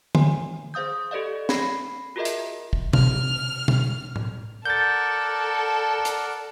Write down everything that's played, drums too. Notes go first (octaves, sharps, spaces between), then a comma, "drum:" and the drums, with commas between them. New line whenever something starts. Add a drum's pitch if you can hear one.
G#5 C6, drum: tom D3
G#4 C5 F5 D#6 G6
G4 A4 D5 D#5 F5
B5 G#6 A#6 C7, drum: snare
F4 F#4 G#4 A#4 D#5 E5
drum: hi-hat
drum: kick
C3 F6, drum: tom B2
drum: tom B2
drum: tom A2
A4 A#4 D5 F#5 G6 A6
drum: hi-hat